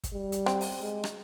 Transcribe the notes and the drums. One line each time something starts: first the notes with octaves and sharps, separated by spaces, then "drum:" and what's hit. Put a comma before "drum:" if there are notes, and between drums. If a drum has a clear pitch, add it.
drum: kick, hi-hat
G3
drum: hi-hat
C4, drum: rim click
drum: open hi-hat
G#3
drum: rim click